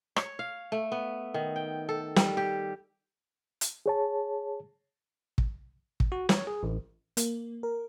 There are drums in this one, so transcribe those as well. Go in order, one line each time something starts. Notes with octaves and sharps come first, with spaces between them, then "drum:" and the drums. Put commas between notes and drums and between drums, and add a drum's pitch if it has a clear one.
C#5, drum: rim click
F5
A3
B3
D#3
G5
A4
G3, drum: snare
G4
drum: hi-hat
G#4 C#5 A5
drum: kick
drum: kick
F#4
C#5, drum: snare
G#4
A1
A#3, drum: hi-hat
A#4